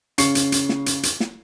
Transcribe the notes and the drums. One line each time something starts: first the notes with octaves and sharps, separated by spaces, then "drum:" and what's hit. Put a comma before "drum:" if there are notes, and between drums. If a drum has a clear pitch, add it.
C#3 C#4 C#6 C7 C#7, drum: hi-hat
drum: hi-hat
drum: hi-hat
drum: snare
drum: hi-hat
drum: hi-hat
drum: snare